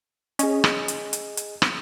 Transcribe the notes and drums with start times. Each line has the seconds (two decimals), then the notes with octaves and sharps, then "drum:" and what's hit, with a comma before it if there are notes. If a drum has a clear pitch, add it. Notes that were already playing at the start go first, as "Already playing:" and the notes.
0.39 C#4 G#4 D#5, drum: hi-hat
0.64 drum: rim click
0.88 drum: hi-hat
1.13 drum: hi-hat
1.37 drum: hi-hat
1.62 drum: rim click